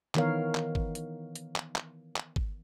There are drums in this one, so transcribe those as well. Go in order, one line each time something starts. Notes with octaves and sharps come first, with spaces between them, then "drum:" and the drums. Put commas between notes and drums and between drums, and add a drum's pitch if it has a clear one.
D#3 E3 B3 A#4 C#5 F5, drum: clap
drum: clap
drum: kick
drum: hi-hat
drum: hi-hat
drum: clap
drum: clap
drum: clap
drum: kick